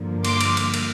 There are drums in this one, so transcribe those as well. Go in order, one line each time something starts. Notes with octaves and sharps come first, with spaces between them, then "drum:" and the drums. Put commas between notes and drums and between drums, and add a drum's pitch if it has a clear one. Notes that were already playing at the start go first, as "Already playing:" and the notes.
Already playing: G2 D3 F3 A#3
C6 D6, drum: cymbal
drum: cymbal
drum: cymbal
drum: cymbal